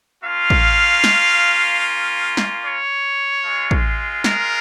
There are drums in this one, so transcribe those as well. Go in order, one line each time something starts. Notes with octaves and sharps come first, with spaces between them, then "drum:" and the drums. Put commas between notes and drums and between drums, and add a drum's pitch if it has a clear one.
A#3 C#4 F4 F5
drum: kick
drum: snare
drum: snare
C#5
G#3 F4
drum: kick
A#4, drum: snare